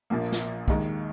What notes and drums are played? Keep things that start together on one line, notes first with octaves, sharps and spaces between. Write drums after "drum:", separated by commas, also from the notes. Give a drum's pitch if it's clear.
A#1 A#2 F3 A#3
drum: snare
D#2 D#3 G#3, drum: kick